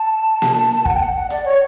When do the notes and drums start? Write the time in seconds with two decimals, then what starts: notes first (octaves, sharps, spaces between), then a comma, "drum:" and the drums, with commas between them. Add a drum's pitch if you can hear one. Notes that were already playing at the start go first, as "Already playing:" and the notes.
Already playing: A5
0.42 drum: snare A#3
0.85 F#5, drum: kick
0.95 G5
1.00 F#5
1.16 F#5
1.30 D5, drum: hi-hat
1.45 C#5